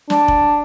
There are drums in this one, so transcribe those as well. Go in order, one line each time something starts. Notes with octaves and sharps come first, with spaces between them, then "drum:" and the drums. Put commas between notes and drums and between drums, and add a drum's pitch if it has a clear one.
D4, drum: snare
drum: kick F1